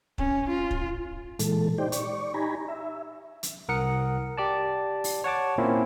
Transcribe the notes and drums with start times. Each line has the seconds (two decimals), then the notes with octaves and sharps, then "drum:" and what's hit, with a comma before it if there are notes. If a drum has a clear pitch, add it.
0.18 C#4, drum: kick
0.50 F4
0.71 drum: kick
1.39 A#2 E3 G#3 A4, drum: hi-hat
1.78 D#4 G4 C5 D5 G5
1.92 D5 C#6, drum: hi-hat
2.34 D#4 G4 G#5 A#5 B5
2.68 E5
3.43 drum: hi-hat
3.68 C2 A#4 F#5 D#6 C#7
4.38 G4 D5 A5
5.04 drum: open hi-hat
5.24 C#5 F#5 A5 D6
5.58 A#2 A#3 C4 C#4 E4 F4